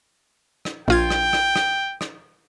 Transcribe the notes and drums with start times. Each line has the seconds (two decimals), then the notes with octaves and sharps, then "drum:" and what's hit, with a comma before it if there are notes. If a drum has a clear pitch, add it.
0.65 drum: rim click
0.88 A#1 F4 G5 G#6
1.10 drum: rim click
1.33 drum: rim click
1.56 drum: rim click
2.01 drum: rim click